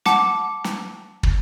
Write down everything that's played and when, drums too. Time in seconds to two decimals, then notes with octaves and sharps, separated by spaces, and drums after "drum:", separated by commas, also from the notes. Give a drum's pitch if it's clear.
0.06 F#5 A5 D6, drum: snare
0.64 drum: snare
1.23 drum: kick